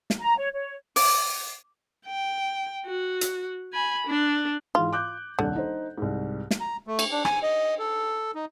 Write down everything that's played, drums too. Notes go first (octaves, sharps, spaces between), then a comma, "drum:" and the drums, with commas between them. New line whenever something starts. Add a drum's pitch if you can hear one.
drum: snare
A#5
C#5
C#5
D6, drum: open hi-hat
G5
F#4
drum: hi-hat
G#5 B5
D4
G#2 E3 F4
D6 F#6 G6
D#1 C2 D3
D#4 C5
C2 G#2
drum: snare
A#5
A3
drum: cymbal
D4
G#5, drum: rim click
D#5
A4
D#4